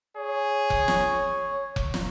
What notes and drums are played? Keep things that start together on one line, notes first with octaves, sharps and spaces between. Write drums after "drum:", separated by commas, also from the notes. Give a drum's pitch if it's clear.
G#4 C#5
drum: kick F1
drum: snare
drum: kick F1
drum: snare